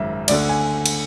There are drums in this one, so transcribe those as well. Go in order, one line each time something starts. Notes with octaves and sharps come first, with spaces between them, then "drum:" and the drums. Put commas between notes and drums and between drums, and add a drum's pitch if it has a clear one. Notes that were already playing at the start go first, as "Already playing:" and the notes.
Already playing: G#1 F#2 C#3 E5
D2 D3 D5, drum: cymbal
G#5
drum: cymbal